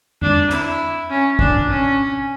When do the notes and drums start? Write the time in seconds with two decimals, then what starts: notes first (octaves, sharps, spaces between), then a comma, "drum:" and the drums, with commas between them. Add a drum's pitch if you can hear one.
0.22 D4, drum: tom F2
0.51 E4, drum: hi-hat
1.09 C#4
1.39 D4, drum: kick
1.69 C#4